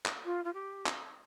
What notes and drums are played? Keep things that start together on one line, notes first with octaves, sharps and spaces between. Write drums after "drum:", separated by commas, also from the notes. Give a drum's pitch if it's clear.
drum: clap
F4
F4
G4
drum: clap